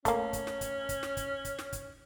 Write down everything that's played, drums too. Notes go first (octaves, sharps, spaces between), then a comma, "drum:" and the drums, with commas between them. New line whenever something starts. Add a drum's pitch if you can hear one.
A3 A#3 C#4, drum: kick, hi-hat
drum: kick, hi-hat
drum: snare
drum: kick, hi-hat
drum: kick, hi-hat
drum: snare
drum: kick, hi-hat
drum: kick, hi-hat
drum: snare
drum: kick, hi-hat